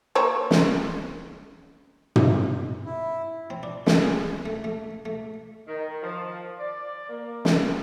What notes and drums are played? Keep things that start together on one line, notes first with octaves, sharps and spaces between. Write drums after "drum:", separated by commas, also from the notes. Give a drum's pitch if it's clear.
A#3 C5 C#5
drum: snare
drum: tom
E4
C4
D4
A3, drum: snare
G#4
A3
A3
A3
D#3
F3
D5
A#3
drum: snare